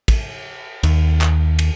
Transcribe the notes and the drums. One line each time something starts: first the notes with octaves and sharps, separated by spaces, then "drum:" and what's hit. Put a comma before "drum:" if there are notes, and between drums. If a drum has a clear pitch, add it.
drum: kick, cymbal
D#2, drum: cymbal
drum: clap
drum: cymbal